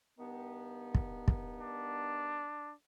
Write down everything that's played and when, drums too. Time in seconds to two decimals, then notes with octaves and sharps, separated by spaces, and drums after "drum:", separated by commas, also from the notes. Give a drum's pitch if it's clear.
0.19 G2 D#3 B3
0.95 drum: kick
1.28 drum: kick
1.61 D4